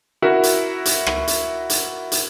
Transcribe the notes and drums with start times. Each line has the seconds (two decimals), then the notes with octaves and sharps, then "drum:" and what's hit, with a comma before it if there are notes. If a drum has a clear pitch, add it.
0.22 E4 F#4 A#4 E5
0.43 drum: hi-hat
0.85 drum: hi-hat
1.06 drum: rim click
1.28 drum: hi-hat
1.70 drum: hi-hat
2.12 drum: hi-hat